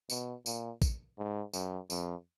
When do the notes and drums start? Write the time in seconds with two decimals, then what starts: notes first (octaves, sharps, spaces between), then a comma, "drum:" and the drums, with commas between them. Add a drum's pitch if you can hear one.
0.10 B2, drum: tambourine
0.46 A#2, drum: tambourine
0.82 drum: kick, tambourine
1.18 G#2
1.53 F#2, drum: tambourine
1.90 F2, drum: tambourine